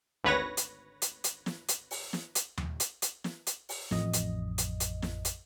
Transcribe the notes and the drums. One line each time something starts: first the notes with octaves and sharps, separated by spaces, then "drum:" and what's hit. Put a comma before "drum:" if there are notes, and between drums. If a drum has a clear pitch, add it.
G#1 D2 B4 C#5 A#6
drum: hi-hat
drum: hi-hat
drum: hi-hat
drum: snare
drum: hi-hat
drum: open hi-hat
drum: snare
drum: hi-hat
drum: tom D#2
drum: hi-hat
drum: hi-hat
drum: snare
drum: hi-hat
drum: open hi-hat
A1 F2 D#5, drum: snare
drum: hi-hat
drum: hi-hat
drum: hi-hat
drum: snare
drum: hi-hat